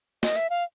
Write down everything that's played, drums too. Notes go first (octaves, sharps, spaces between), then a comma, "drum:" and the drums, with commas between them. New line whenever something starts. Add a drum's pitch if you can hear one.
D#5, drum: snare
E5
F5